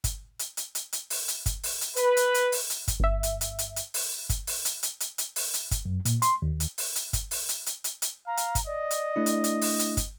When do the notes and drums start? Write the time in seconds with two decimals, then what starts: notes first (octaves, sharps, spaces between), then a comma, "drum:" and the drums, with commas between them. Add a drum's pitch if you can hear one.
0.04 drum: kick, hi-hat
0.39 drum: hi-hat
0.57 drum: hi-hat
0.75 drum: hi-hat
0.93 drum: hi-hat
1.10 drum: open hi-hat
1.28 drum: hi-hat
1.46 drum: kick, hi-hat
1.63 drum: open hi-hat
1.81 drum: hi-hat
1.96 B4, drum: hi-hat
2.17 drum: hi-hat
2.34 drum: hi-hat
2.52 drum: open hi-hat
2.70 drum: hi-hat
2.88 drum: kick, hi-hat
3.00 G1 E5
3.23 drum: hi-hat
3.41 drum: hi-hat
3.59 drum: hi-hat
3.76 drum: hi-hat
3.94 drum: open hi-hat
4.29 drum: kick, hi-hat
4.47 drum: open hi-hat
4.65 drum: hi-hat
4.83 drum: hi-hat
5.00 drum: hi-hat
5.18 drum: hi-hat
5.36 drum: open hi-hat
5.54 drum: hi-hat
5.71 drum: kick, hi-hat
5.85 F#2
6.05 A#2, drum: hi-hat
6.22 C6, drum: hi-hat
6.42 D#2
6.60 drum: hi-hat
6.78 drum: open hi-hat
6.95 drum: hi-hat
7.13 drum: kick, hi-hat
7.31 drum: open hi-hat
7.49 drum: hi-hat
7.66 drum: hi-hat
7.84 drum: hi-hat
8.02 drum: hi-hat
8.27 F5 A#5
8.37 drum: hi-hat
8.55 drum: kick, hi-hat
8.67 D5 D#5
8.91 drum: hi-hat
9.16 A3 D4 E4
9.26 drum: hi-hat
9.44 drum: hi-hat
9.61 drum: open hi-hat
9.79 drum: hi-hat
9.97 drum: kick, hi-hat